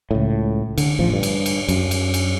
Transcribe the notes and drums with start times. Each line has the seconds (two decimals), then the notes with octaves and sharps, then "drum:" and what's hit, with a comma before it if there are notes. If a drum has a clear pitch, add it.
0.11 C#2 A2
0.78 D3, drum: cymbal
0.99 A1 F3
1.13 G2
1.23 drum: cymbal
1.46 drum: cymbal
1.69 F#2, drum: cymbal
1.91 drum: cymbal
2.14 drum: cymbal